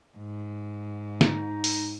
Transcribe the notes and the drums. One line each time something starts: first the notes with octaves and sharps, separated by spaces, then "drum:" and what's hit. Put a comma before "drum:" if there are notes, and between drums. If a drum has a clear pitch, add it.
G#2
D#4, drum: snare
drum: open hi-hat